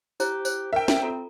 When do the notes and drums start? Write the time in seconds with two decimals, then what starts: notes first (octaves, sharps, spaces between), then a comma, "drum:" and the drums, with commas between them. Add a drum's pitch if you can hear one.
0.20 E4 G4 C5 A#5, drum: tambourine
0.45 C5, drum: tambourine
0.73 A#4 E5 G5
0.88 drum: snare
1.02 C4 F4 A4 A#5